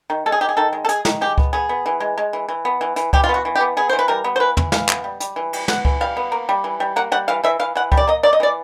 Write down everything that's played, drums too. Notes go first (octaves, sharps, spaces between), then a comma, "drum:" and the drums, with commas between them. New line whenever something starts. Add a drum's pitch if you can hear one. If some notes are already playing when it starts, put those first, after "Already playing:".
D#3
G#3 A4
G#4
D#3 G4
G#4
D#3 A4
G#3
A4
G#3 G#4, drum: hi-hat
D#3, drum: snare
G#3 G4
B3, drum: kick C#2
B3 G#4
B3
E3
G#3
G#3
E3
E3
B3
E3
E3, drum: hi-hat
E3 G4, drum: kick C#2
F4
B3
F#4
E3
G4
B3
B3 G#4
E3 C5
B4
G3 A#4
B3
C5
E3 B4
E3, drum: tom
E3 F5, drum: snare
B3, drum: clap
G3
G3, drum: hi-hat
E3
G3, drum: cymbal
B3 F#5, drum: snare
E3, drum: kick C#2
G3 F5
B3
A#3
G3
E3
G3
A#3 F#5
G3 F#5
E3 F5
E3 E5
E3 F5
E3 F#5
G3, drum: kick C#2
D5
A#3 D#5
A#3 D5
D#5
E3 D5